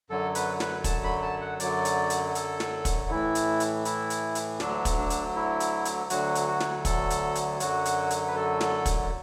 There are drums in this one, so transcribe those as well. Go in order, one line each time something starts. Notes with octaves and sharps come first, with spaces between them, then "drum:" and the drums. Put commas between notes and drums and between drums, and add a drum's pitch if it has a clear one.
F#2 D3 F#3 A4
B4, drum: hi-hat
B4, drum: snare
A5, drum: kick, hi-hat
B5
A5
F#5
F#2 D3 F#3 D5, drum: hi-hat
drum: hi-hat
drum: hi-hat
A4, drum: hi-hat
drum: snare
drum: kick, hi-hat
A2 E3 E4
drum: hi-hat
drum: hi-hat
E4, drum: hi-hat
drum: hi-hat
drum: hi-hat
D2 D3 F#3 D4, drum: snare
drum: kick, hi-hat
D4
drum: hi-hat
E4
drum: hi-hat
drum: hi-hat
D2 D3 F#3 F#4, drum: hi-hat
drum: hi-hat
F#4
drum: snare
A4, drum: kick, hi-hat
drum: hi-hat
drum: hi-hat
F#2 D3 F#3 F#4, drum: hi-hat
drum: hi-hat
drum: hi-hat
B4
A4
drum: snare
drum: kick, hi-hat